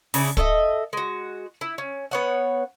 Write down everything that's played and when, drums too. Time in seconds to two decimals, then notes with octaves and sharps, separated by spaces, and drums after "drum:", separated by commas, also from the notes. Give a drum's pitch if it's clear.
0.14 C#3 D4 E4, drum: open hi-hat
0.37 A4 C#5 D#5 E5, drum: kick
0.93 G#3 F#4
1.61 E4
1.78 C#4
2.11 B3 C#5 F#5